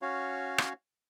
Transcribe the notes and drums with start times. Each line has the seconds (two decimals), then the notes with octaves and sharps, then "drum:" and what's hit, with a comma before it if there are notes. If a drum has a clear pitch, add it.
0.02 C#4 F#4 C#5 F5
0.58 drum: rim click